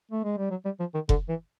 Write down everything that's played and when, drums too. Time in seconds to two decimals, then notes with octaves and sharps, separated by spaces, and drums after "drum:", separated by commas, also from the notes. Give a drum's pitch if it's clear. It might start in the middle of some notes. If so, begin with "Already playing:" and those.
0.11 A3
0.24 G#3
0.37 G3
0.50 F#3
0.65 G3
0.80 F3
0.94 D#3
1.09 D3, drum: kick F1
1.29 E3